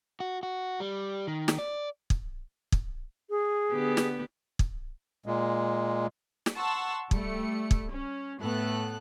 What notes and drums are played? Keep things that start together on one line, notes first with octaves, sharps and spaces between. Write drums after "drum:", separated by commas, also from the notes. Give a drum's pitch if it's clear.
F#4
F#4
G3
D#3
drum: snare
D5
drum: kick
drum: kick
G#4
D3 B3 G4
drum: snare
drum: kick
A#2 G#3
drum: snare
F#5 A5 C6 C#6 E6
G3 A3 C#7, drum: kick
drum: kick
C#4
A2 A3 B3 A4 F#6